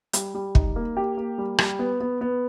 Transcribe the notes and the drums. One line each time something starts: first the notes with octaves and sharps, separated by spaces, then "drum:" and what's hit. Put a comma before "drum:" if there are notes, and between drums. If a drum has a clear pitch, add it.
G3, drum: hi-hat
G3
D#4, drum: kick
A#3
G4
A#3
G3
G3, drum: rim click
B3
B3
B3